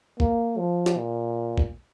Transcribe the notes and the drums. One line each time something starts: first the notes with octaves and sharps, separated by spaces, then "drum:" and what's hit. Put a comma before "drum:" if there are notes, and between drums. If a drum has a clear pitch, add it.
A#3, drum: kick
F3
drum: snare
A#2
drum: kick